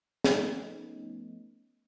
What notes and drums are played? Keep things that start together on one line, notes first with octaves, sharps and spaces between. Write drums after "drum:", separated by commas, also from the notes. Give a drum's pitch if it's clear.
F3 A3 B3 C#4 D#4, drum: snare